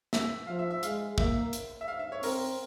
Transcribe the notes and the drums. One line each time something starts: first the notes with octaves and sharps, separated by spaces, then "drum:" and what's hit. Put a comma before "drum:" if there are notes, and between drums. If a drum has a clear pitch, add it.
E5, drum: snare
F3 F5
E5
E5
G#3 F5, drum: hi-hat
A#3 E5, drum: kick
drum: hi-hat
E5
F5
E5
C#5
C4 A#4, drum: open hi-hat